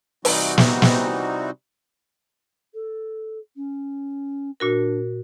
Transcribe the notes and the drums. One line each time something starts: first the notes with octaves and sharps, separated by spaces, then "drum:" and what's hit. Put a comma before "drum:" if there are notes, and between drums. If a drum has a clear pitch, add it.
C3 E3 G3 C4 D#4 F#4, drum: open hi-hat
drum: snare
drum: snare
A4
C#4
A#2 D4 F#4 A#4